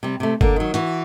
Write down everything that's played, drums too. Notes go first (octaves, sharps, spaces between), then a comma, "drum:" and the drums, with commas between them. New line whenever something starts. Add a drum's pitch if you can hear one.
C3 G3
C3 A3
D3 A#3, drum: kick G1
D#3 F#3
E3 F#4, drum: hi-hat